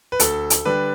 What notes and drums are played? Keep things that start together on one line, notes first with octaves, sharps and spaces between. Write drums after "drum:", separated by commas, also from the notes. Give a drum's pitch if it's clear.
B4
D2 A4, drum: hi-hat
drum: hi-hat
D3 G3 D4 B4